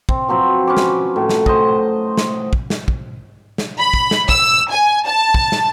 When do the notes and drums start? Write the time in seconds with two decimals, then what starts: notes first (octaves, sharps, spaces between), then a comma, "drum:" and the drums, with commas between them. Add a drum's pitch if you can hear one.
0.09 C4, drum: kick
0.29 F3 F#3 C4 B4
0.67 C#4 B4 D6
0.77 drum: snare
1.16 A2
1.29 drum: snare
1.46 C5 D#5, drum: kick
2.17 drum: snare
2.53 drum: kick
2.70 drum: snare
2.88 drum: kick
3.58 drum: snare
3.80 B5
3.94 drum: kick
4.11 drum: snare
4.29 E6, drum: kick
4.71 G#5
5.07 A5
5.34 drum: kick
5.52 drum: snare